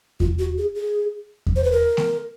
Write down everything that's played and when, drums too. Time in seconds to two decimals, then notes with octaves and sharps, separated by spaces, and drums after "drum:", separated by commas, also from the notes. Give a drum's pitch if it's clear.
0.20 F4, drum: kick E2
0.39 F#4
0.58 G#4
0.76 G#4
1.46 drum: kick E2
1.56 C5
1.64 B4
1.72 A#4
1.97 drum: snare A3